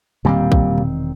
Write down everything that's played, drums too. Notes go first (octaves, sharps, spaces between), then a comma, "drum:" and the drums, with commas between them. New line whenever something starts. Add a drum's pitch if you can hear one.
E1 A#2 D#3 G3 C4
drum: kick A#1
drum: tom A#2